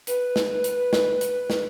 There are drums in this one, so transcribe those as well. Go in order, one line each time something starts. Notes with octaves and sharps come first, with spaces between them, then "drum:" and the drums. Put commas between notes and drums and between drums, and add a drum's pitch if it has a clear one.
B4, drum: hi-hat
drum: snare
drum: hi-hat
drum: snare
drum: hi-hat
drum: snare